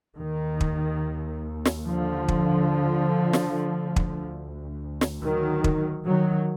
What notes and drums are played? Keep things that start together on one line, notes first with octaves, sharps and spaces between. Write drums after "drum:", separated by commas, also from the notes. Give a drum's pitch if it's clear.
D#2 D#3
drum: kick
drum: snare
D3 F3
drum: kick
drum: snare
D2
drum: kick
drum: snare
D#3 F#3
drum: kick
D#3 F#3